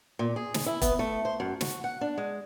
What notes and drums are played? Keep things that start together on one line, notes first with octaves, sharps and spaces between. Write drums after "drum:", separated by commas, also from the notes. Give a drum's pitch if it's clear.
A#2
G#4
drum: snare
E4
B3, drum: kick E1, hi-hat
A3
C5
F#2
F#4, drum: snare
F#5
D4
G#3